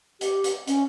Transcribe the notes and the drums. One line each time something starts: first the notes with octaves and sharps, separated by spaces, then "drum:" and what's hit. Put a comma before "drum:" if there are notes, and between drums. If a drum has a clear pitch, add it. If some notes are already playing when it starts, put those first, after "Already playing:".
G4, drum: hi-hat
drum: hi-hat
C#4, drum: hi-hat